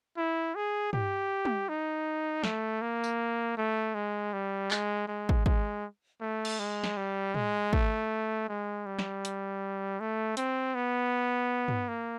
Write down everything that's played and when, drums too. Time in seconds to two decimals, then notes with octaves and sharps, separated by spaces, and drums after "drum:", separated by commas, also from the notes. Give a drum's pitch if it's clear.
0.17 E4
0.55 G#4
0.93 G4, drum: tom
1.45 drum: tom
1.69 D#4
2.43 A3, drum: snare
2.82 A#3
3.04 drum: tambourine
3.57 A3
3.95 G#3
4.33 G3
4.71 G#3, drum: clap
5.08 G#3
5.29 drum: kick
5.46 G#3, drum: kick
6.21 A3
6.45 drum: cymbal
6.59 G#3
6.84 drum: snare
6.97 G3
7.34 G#3, drum: tom
7.73 A3, drum: kick
8.49 G#3
8.86 G3
8.99 drum: snare
9.25 drum: hi-hat
10.00 A3
10.37 C4, drum: hi-hat
10.75 B3
11.68 drum: tom
11.88 A#3